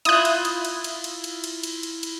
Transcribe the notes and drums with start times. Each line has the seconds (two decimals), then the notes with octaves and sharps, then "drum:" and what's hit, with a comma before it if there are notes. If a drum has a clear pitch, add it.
0.05 E4 F4 D#6 F#6, drum: cymbal
0.25 drum: cymbal
0.45 drum: cymbal
0.65 drum: cymbal
0.84 drum: cymbal
1.04 drum: cymbal
1.24 drum: cymbal
1.44 drum: cymbal
1.63 drum: cymbal
1.83 drum: cymbal
2.03 drum: cymbal